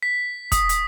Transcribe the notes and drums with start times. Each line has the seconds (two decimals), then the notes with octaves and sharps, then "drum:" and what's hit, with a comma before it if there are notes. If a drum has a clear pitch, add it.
0.03 B6
0.52 D#6, drum: kick, hi-hat
0.69 drum: hi-hat